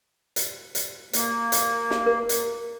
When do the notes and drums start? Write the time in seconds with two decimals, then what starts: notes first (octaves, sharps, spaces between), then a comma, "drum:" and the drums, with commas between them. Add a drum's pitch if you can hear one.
0.36 drum: hi-hat
0.75 drum: hi-hat
1.13 A#3, drum: hi-hat
1.52 drum: hi-hat
1.91 drum: snare
2.06 A#4
2.29 drum: hi-hat